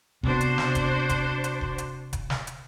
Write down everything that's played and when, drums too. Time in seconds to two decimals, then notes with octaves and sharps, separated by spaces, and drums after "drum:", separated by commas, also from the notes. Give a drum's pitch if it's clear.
0.23 C3 B3 D4 F#4 C5, drum: kick D#1
0.41 drum: hi-hat
0.58 drum: snare
0.75 drum: kick D#1, hi-hat
1.09 drum: kick D#1, hi-hat
1.44 drum: hi-hat
1.61 drum: kick D#1
1.78 drum: hi-hat
2.13 drum: kick D#1, hi-hat
2.30 drum: snare
2.47 drum: hi-hat